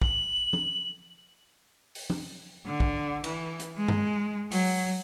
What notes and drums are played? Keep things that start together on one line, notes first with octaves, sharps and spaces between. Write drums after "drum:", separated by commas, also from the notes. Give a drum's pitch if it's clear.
F#7, drum: kick
drum: tom
drum: open hi-hat
drum: tom
D3
drum: kick
E3, drum: cymbal
drum: hi-hat
G#3
drum: tom G2
F#3, drum: open hi-hat